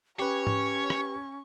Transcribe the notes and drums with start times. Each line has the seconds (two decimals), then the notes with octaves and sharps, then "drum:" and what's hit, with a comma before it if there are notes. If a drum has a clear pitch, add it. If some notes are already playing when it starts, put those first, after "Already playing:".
0.19 C#4 G4 B4 C#5 C#6
0.47 drum: tom G#2
0.90 drum: rim click